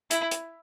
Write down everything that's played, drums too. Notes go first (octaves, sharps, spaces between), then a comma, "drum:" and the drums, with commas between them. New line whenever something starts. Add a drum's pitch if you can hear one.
E4, drum: hi-hat
drum: hi-hat